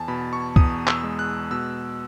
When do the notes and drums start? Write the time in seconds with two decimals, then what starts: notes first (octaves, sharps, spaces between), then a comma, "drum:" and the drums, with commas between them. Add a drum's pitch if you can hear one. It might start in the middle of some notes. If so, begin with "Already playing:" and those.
Already playing: E2 G#5 A5
0.08 B2 B5
0.33 C#6
0.56 E2 D#6, drum: kick C2
0.87 E6, drum: clap
1.03 G#3
1.19 F#6
1.51 B2 E6